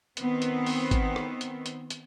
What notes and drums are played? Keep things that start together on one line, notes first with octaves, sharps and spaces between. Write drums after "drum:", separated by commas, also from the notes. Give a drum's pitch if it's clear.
D#3 B3 C4, drum: hi-hat
drum: hi-hat
drum: open hi-hat
drum: kick, hi-hat
drum: rim click
drum: hi-hat
drum: hi-hat
drum: hi-hat